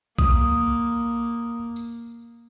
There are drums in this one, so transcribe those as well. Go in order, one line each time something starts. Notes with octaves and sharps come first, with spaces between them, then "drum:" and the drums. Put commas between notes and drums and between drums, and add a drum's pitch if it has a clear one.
A#3 D#6, drum: kick B1
drum: tambourine